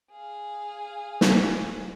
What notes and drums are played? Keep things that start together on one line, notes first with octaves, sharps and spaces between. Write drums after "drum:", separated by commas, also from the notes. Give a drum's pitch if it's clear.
G#4 F5
drum: snare